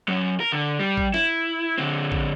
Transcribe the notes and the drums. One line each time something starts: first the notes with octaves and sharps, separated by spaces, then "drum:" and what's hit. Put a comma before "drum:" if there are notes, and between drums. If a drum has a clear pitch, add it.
F#2 F#3
A#4
D3
G3
drum: kick
E4, drum: snare
D3 C4
drum: kick